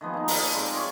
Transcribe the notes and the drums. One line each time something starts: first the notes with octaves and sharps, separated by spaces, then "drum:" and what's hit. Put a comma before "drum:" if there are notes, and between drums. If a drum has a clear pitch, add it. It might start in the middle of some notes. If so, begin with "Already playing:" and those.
D#3 F3 B3 G#4
A#3 D#4
D#4 F4 B4, drum: open hi-hat
A5
G3 G#3 C4 D#4
F4 C#5 D5